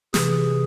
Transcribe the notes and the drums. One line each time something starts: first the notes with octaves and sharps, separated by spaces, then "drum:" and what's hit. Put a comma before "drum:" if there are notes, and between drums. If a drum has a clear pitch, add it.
C3 E3 G#4, drum: snare